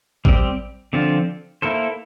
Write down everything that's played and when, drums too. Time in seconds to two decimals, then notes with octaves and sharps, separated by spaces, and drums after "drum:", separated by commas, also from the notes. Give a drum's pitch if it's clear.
0.25 G3 C4 G4, drum: kick A1
0.93 D3 F3 C4 F4
1.62 A#3 E4 A4 C5